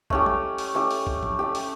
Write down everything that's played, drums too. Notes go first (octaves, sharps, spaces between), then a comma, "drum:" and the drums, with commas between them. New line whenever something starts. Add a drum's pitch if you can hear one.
A3 C#4 G4, drum: kick A#1
drum: tom
drum: open hi-hat
A3 C#4 G4
drum: open hi-hat
drum: kick A#1
drum: tom
A3 C#4 G4
drum: open hi-hat